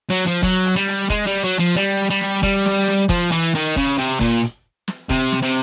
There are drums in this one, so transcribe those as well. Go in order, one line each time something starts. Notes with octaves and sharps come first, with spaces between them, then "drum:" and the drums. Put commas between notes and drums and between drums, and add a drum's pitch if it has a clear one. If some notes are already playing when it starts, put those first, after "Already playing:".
F#3
F3
F#3, drum: kick F1, hi-hat
drum: hi-hat
G3
drum: hi-hat
G#3, drum: kick F1, hi-hat
G3
F#3
F3
G3, drum: hi-hat
G3
drum: snare
G3, drum: kick F1, hi-hat
drum: snare
drum: snare
F3, drum: kick F1, hi-hat
E3, drum: hi-hat
D#3, drum: hi-hat
C#3, drum: kick F1
C3, drum: hi-hat
A#2, drum: kick F1, hi-hat
drum: hi-hat
drum: snare
C3, drum: kick F1, hi-hat
drum: snare
C3